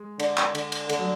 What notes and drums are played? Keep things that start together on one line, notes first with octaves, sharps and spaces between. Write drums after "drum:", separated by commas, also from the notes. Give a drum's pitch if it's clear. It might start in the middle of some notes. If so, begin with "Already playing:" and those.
Already playing: G#3
D3, drum: cymbal
drum: clap
D3, drum: cymbal
drum: cymbal
D3 A3, drum: cymbal
F#3